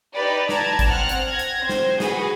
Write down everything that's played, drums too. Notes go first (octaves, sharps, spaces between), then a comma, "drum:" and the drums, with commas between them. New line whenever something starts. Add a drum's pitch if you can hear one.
D#4 G4 B4 D5
D5 A5 A#5 G#6, drum: snare
drum: kick, hi-hat
C4 F#5 F6 F#6
drum: hi-hat
G#6 A#6
drum: hi-hat
C4 C5
drum: snare
F#4 G#4 B4, drum: snare